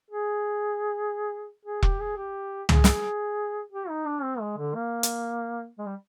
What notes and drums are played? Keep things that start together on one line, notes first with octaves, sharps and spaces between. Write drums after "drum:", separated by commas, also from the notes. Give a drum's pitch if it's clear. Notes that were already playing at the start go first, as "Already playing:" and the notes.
G#4
G#4
G4, drum: kick E1
G#4
G4
G#4, drum: tom
drum: snare
G4
D#4
D4
C4
G#3
D3
A#3
drum: hi-hat
G#3
G3